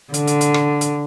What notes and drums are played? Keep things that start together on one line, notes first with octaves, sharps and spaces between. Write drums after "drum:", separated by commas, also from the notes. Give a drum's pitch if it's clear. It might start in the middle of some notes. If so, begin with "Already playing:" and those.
D3, drum: hi-hat
drum: hi-hat
drum: hi-hat
drum: rim click
drum: hi-hat